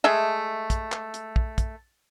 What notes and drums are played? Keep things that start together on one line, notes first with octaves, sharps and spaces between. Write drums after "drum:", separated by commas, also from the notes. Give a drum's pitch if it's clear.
G#3 A3 G#4 E5
drum: kick, hi-hat
drum: clap
drum: hi-hat
drum: kick
drum: kick, hi-hat